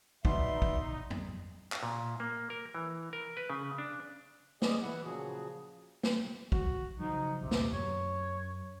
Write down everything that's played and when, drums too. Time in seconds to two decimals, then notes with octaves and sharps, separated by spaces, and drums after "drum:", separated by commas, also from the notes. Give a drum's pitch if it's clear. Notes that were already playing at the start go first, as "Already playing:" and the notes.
0.25 B2 D#4 B4 D5 E5 C6, drum: kick
0.62 drum: kick
1.10 drum: tom F2
1.72 drum: clap
1.83 A#2
2.20 A#3
2.50 A#4
2.75 E3
3.13 A#4
3.37 B4
3.50 C#3
3.78 D4
4.62 C#4 G#4 D5 D#5, drum: snare
4.82 E3 E4 F#5
5.04 A#2 C#3 F3 F#3 F#4 G#4
6.03 drum: snare
6.52 F#4, drum: kick
6.99 C#3 F3 F#3 D#4
7.41 A#1 D#2 C3
7.51 drum: snare
7.72 F#2 C#5